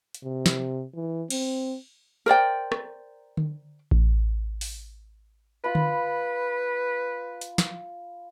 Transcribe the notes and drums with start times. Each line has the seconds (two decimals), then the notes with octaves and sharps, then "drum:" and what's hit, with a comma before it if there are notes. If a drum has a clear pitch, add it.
0.14 drum: hi-hat
0.24 C3
0.46 drum: snare
0.94 E3
1.30 C4, drum: cymbal
2.26 A#4 C5 D5 G5
2.72 drum: rim click
3.37 drum: tom D3
3.91 drum: kick A1
4.61 drum: open hi-hat
5.64 F4 B4 B5
5.75 drum: tom D3
7.41 drum: hi-hat
7.58 drum: snare